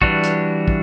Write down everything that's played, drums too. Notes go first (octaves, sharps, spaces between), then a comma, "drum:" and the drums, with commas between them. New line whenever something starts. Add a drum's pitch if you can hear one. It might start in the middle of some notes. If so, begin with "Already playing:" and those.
E3 G3 D4 F#4, drum: kick
drum: hi-hat
drum: kick